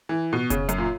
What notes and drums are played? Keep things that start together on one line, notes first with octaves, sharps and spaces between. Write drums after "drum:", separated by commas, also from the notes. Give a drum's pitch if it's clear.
E3
B2
C#3, drum: kick F1, hi-hat
F#2, drum: hi-hat
A#2